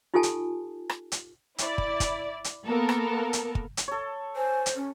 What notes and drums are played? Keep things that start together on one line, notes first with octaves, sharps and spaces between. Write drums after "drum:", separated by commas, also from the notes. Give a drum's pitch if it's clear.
D#4 F4 G4 A4 G#5 A5
drum: hi-hat
drum: rim click
drum: hi-hat
E4 D5, drum: hi-hat
drum: kick
drum: kick, hi-hat
drum: hi-hat
A#3 B3 A4 A#4
drum: rim click
drum: hi-hat
drum: kick
drum: hi-hat
A4 C#5
C5 G#5
drum: hi-hat
C#4